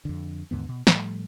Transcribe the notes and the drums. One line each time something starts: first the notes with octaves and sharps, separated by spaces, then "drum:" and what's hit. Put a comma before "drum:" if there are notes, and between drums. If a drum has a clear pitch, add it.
F2 D3
D#2 G#2 D3 B3
B2
A2 F3 G3 A3, drum: snare